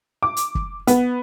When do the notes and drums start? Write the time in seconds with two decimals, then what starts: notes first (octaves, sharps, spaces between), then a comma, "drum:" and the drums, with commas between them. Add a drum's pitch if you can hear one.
0.23 D6
0.37 drum: hi-hat
0.55 drum: kick
0.87 B3, drum: hi-hat